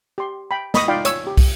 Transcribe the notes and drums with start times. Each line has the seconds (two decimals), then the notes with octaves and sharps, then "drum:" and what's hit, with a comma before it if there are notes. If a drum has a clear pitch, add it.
0.18 G4 C6
0.51 G5 B5
0.74 D#5 B5 C#6 D#6, drum: snare
0.88 D#4 F4 D5 F5 G5 B5
1.05 C#5 E6, drum: hi-hat
1.27 G4
1.37 drum: kick, open hi-hat